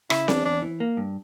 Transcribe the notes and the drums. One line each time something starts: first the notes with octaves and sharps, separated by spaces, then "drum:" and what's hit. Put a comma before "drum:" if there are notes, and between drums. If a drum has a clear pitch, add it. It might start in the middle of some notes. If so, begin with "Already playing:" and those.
C#3 E4, drum: rim click
E2 D4, drum: snare C4
E2 D4
E3
A#3
G2